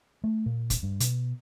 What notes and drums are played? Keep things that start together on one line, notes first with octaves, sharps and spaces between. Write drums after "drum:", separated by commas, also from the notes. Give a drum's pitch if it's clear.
A3
A#2
drum: kick, hi-hat
G2
B2, drum: hi-hat